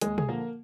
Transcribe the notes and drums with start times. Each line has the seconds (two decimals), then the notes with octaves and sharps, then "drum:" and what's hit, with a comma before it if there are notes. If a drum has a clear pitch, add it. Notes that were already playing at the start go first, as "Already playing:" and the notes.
0.01 D#2 G#3 G#4, drum: hi-hat
0.18 G#4, drum: tom
0.28 D3 F3 A#3 A#4